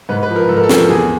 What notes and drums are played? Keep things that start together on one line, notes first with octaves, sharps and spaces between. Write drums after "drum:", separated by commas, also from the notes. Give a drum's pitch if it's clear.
G#2 B4
B4
F3
A#4
G#2 A4
A#4
A4
F3, drum: snare
E2 G#4